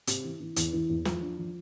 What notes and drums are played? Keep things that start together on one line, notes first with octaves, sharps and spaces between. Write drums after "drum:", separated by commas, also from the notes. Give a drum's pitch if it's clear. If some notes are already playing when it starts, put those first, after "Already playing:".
C3, drum: hi-hat
E3
E3
E2, drum: hi-hat
E3
E2
F3, drum: snare
D4
F3